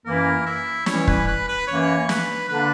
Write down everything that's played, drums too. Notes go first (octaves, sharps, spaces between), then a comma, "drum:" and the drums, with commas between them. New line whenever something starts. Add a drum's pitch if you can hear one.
F#2 E3 A#3 E4 A#4
E4
E3 G3 C#4 E4 C#5, drum: snare
B4, drum: kick
B4
B4
F#2 E3 A#3 C#5
B4, drum: snare
D3 A#3 D4 B4